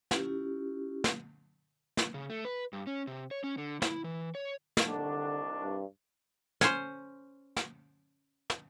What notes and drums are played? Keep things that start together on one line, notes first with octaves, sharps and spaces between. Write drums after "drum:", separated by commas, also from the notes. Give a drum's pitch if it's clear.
C#4 E4 F4 G4, drum: snare
drum: snare
drum: snare
C#3
A3
B4
G2
C#4
C3
C#5
C#4
D3
E4, drum: snare
E3
C#5
drum: snare
C2 D3 D#3 D4
G2
C#4 C5, drum: snare
drum: snare
drum: snare